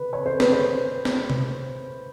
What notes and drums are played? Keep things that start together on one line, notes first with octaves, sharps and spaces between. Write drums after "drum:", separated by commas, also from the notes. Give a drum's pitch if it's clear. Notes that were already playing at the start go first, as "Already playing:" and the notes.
Already playing: B4
C#5
C5
B4, drum: snare
C5
drum: snare
drum: tom C3